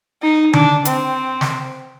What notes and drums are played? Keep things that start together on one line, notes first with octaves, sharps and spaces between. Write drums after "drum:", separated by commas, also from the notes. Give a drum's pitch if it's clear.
D#4
D4, drum: tom D3
C4, drum: hi-hat
drum: snare